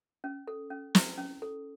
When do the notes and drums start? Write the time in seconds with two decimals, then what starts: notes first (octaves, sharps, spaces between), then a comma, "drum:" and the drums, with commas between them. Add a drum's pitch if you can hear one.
0.24 C#4
0.48 A4
0.70 C#4
0.95 E4, drum: snare
1.18 C#4
1.42 A4